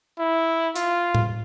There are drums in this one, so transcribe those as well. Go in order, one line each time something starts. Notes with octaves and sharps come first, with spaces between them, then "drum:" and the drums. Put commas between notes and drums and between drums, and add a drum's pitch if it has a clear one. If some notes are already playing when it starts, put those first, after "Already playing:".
E4
F4, drum: hi-hat
drum: tom A2